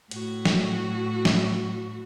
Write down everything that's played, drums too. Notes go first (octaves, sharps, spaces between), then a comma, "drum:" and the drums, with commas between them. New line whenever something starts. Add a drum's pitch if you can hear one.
A2 F#4, drum: hi-hat
drum: snare
drum: snare